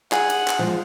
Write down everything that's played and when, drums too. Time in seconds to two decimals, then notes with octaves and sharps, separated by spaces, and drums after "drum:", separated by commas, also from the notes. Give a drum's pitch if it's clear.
0.12 G#4 F#5, drum: clap
0.30 drum: cymbal
0.48 drum: clap
0.59 F3 G#3